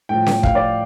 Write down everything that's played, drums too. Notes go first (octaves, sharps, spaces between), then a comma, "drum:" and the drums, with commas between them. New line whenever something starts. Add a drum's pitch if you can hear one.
A2 F3 G5
drum: snare C#4
F5, drum: kick
D5